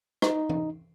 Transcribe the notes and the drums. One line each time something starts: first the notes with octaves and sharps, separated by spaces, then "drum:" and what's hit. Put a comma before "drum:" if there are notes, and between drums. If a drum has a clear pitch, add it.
D#4, drum: rim click
drum: tom E3